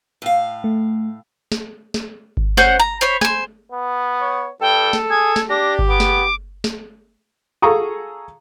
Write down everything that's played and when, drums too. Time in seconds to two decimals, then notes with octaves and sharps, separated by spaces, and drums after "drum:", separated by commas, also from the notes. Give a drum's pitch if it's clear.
0.22 A2 F5
0.64 A3
1.52 drum: snare
1.94 drum: snare
2.37 drum: kick G1
2.57 C#4 C5 F#5 G6, drum: snare
2.80 A#5
3.01 C5 C#5 B5
3.21 C5 G#5, drum: snare
3.72 B3
4.21 C#5
4.61 G2 A4 G5
4.93 drum: snare
5.10 G#4 G#6
5.36 drum: snare
5.49 D4 G4 A#6
5.79 drum: kick G1
5.88 B3 D6
6.00 drum: snare
6.64 drum: snare
7.62 G#4 A4 F5 A#5 C#6 D#6